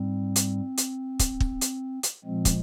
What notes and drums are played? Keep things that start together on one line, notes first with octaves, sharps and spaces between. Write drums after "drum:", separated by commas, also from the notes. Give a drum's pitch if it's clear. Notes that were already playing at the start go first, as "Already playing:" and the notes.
Already playing: G#2 G3 C4
drum: hi-hat
drum: hi-hat
drum: kick, hi-hat
drum: kick
drum: hi-hat
drum: hi-hat
A#2 F3 G#3 C4
drum: kick, hi-hat